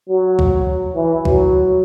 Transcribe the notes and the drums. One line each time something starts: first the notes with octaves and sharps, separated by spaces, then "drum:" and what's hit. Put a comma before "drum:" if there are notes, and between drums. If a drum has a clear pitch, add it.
F#3
drum: kick
E3
F#3, drum: kick